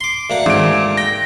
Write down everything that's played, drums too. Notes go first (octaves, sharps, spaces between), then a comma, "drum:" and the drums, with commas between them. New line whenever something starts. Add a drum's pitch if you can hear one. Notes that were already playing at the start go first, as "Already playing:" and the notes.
C6 D6
D2 A#3 F#5
G#2 D7, drum: tom D#3
G5 A#6